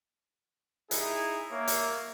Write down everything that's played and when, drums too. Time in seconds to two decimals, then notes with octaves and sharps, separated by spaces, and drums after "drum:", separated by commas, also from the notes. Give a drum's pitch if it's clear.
0.91 D#4 E4 G#4, drum: hi-hat
1.51 A#3 C#5 E5
1.68 drum: hi-hat